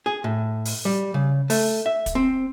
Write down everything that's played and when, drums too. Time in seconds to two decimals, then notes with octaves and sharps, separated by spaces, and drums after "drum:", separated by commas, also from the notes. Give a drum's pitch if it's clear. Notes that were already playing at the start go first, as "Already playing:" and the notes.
0.06 G#4
0.24 A2
0.65 drum: open hi-hat
0.85 G3
1.14 C#3
1.50 A3, drum: open hi-hat
1.86 E5
2.06 drum: kick, hi-hat
2.15 C4